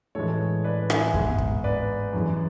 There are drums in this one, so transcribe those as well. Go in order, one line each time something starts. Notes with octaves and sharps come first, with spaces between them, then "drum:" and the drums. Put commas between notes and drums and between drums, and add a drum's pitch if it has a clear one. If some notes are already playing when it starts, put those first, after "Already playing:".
A2 E3 G#3 A4 C#5
B4 D5
E5 G#5, drum: rim click
G#2 G#3 B3, drum: kick
drum: kick
B4 D5
F#2 E3 G#3